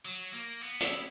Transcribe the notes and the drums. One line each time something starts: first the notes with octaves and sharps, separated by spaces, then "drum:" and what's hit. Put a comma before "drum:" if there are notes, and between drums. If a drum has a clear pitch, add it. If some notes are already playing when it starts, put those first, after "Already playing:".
F#3
A#3
B3
E4, drum: hi-hat